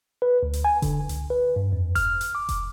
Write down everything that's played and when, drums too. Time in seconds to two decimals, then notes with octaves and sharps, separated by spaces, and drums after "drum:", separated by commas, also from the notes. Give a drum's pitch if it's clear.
0.22 B4
0.43 D2
0.53 drum: hi-hat
0.65 G#5
0.82 D3, drum: kick F1, hi-hat
1.09 C#2, drum: hi-hat
1.30 B4
1.56 G2
1.73 F2
1.95 F6, drum: kick F1, hi-hat
2.21 drum: hi-hat
2.35 D6
2.49 drum: kick F1, hi-hat